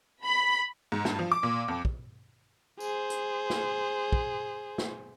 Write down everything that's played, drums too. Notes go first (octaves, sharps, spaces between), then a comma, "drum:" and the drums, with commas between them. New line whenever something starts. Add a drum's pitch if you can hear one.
B5
G#2
G2, drum: snare
F3
D6
A#2
F2
drum: kick
G#4 C5, drum: tambourine
drum: hi-hat
drum: snare
drum: kick
drum: snare